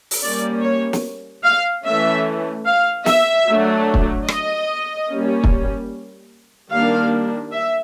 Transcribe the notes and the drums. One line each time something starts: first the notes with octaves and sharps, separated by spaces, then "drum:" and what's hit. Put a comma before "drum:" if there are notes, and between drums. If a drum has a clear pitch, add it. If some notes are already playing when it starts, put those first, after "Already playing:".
drum: open hi-hat
G3 A#3 C#4 D5
C#5
drum: snare
F5
E3 A3 C#4 E5
F5
E5, drum: snare
F#3 A3 D4
drum: kick
D#5, drum: rim click
G3 A#3 C#4
drum: kick
D#3 G3 A#3 D4 F5
E5